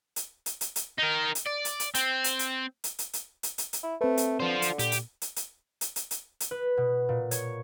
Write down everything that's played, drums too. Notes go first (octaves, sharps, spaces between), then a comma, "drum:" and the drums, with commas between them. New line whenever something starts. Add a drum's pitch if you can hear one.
drum: hi-hat
drum: hi-hat
drum: hi-hat
drum: hi-hat
D#4 A#4
drum: hi-hat
D5
drum: hi-hat
drum: hi-hat
C4, drum: hi-hat
drum: hi-hat
drum: hi-hat
drum: hi-hat
drum: hi-hat
drum: hi-hat
drum: hi-hat
drum: hi-hat
drum: hi-hat
E4
A3 C4 B4
drum: hi-hat
D3 F4 C5
drum: hi-hat
A#2 G4, drum: hi-hat
drum: hi-hat
drum: hi-hat
drum: hi-hat
drum: hi-hat
drum: hi-hat
drum: hi-hat
drum: hi-hat
B4
B2
A#2
C#5, drum: hi-hat